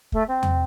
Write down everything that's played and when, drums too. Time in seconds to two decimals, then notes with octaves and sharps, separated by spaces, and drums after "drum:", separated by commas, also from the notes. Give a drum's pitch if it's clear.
0.12 A3, drum: kick
0.28 C4
0.43 drum: tom E2